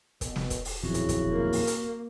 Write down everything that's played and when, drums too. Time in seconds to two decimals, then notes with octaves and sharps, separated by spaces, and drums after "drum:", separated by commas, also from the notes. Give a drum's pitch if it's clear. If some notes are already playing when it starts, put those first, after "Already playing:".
0.21 B2, drum: kick, hi-hat
0.36 drum: snare
0.50 drum: kick, hi-hat
0.65 drum: open hi-hat
0.83 D#1 B1 F2 C#3 E4 F#4
0.94 drum: hi-hat
1.09 drum: kick, hi-hat
1.31 A#3
1.53 drum: open hi-hat
1.67 drum: hi-hat